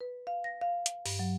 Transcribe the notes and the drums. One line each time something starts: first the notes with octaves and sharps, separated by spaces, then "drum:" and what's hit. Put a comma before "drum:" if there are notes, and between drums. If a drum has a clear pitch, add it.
B4
F5
A#6
F5
drum: hi-hat
G2, drum: open hi-hat
F#3